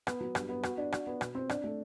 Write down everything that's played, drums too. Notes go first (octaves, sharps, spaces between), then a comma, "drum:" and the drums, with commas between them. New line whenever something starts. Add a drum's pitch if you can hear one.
B3, drum: rim click
F#3
G2, drum: rim click
B3
F#4, drum: rim click
D4
F#4, drum: rim click
B3
B2, drum: rim click
C4
D4, drum: rim click
A3